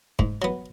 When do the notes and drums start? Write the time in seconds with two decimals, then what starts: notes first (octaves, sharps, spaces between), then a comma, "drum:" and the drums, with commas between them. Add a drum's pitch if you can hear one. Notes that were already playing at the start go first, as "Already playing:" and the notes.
0.19 G#2, drum: kick
0.42 F#3 B3